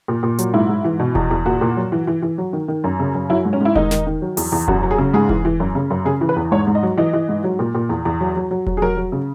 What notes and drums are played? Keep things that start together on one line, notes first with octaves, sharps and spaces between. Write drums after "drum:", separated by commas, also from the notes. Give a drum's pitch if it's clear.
A#2
A#2
F#3, drum: hi-hat
G#2 E4
G#2
E3
B2
E2, drum: kick E1
E2
A#2 F#4
A#2
F#3
E3
E3
E3
F#3
D#3
D#3
F#2
C#3
F#2
F#3 E4
G#2
C#4
G#2 E4
D#3 D#4, drum: kick E1
D#3, drum: snare
D#3
F#3
E2, drum: open hi-hat
E2
F#2 F#4, drum: kick E1
F#3
G#4
C#3
G#2 G#4
E3, drum: kick E1
E3
F#2
C#3
F#2
C#3 G#4
E3
B4
E2
G#2 C#5
G#2
D#5
F#3
E3 D#5
E3
G#2
F#3
A#2
A#2
E2
E2
F#3
F#3
F#3
F#3, drum: kick E1
G#4
F#3 A#4
F#3
C#3